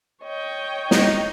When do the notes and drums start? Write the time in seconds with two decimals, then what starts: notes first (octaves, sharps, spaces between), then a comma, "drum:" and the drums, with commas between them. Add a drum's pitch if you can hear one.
0.23 C#5 D#5 G5
0.91 D#4, drum: snare